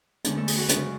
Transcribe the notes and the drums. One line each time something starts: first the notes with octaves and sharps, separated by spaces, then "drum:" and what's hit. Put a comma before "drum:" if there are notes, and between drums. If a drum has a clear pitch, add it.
E2 D3 G#3 C#4, drum: hi-hat
A3 A4
G#4, drum: open hi-hat
F#4
F#2 C#3 G#3 C#4, drum: hi-hat